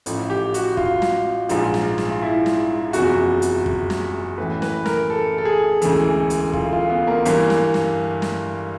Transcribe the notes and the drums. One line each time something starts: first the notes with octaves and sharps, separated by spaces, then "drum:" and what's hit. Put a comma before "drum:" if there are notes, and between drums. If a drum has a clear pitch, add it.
A1 A2 F3, drum: hi-hat
G4
F#4, drum: hi-hat
F4, drum: kick
drum: snare
A#1 G#2 F3, drum: hi-hat
drum: snare
drum: snare
F4
E4
drum: snare
F#1 E2 C3 F3 F#4, drum: hi-hat
drum: hi-hat
drum: kick
drum: snare
A1 A2 E3 B4
B4, drum: snare
A#4, drum: snare
A4
A4
G#4
E1 D2 C#3 E3, drum: hi-hat
drum: hi-hat
F4, drum: kick
F4
B3
A#3
G1 G2 E3 A#3, drum: hi-hat
drum: snare
drum: snare
drum: snare